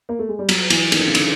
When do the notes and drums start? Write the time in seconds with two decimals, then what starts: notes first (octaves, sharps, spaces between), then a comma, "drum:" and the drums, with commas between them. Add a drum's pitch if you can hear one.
0.09 A#3
0.19 A3
0.29 G#3
0.39 G3
0.49 F#3, drum: cymbal
0.70 E3, drum: cymbal
0.92 D#3, drum: cymbal
0.99 D3
1.07 C#3
1.15 D3, drum: cymbal